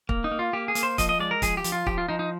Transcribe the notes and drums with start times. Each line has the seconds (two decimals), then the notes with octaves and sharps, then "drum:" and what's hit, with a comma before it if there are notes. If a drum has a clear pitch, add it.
0.09 A#3, drum: kick
0.24 D#4
0.31 A#3
0.39 F4
0.53 A#3 G4
0.68 G#4
0.75 A#3, drum: hi-hat
0.83 C5
0.98 F3 D#5, drum: kick, hi-hat
1.09 D#5
1.19 G#3 D5
1.31 A#4
1.42 F3 G#4, drum: kick, hi-hat
1.57 G4
1.64 F3, drum: hi-hat
1.72 F4
1.86 F3 G4, drum: kick
1.98 F4
2.08 F3 D#4
2.19 D#4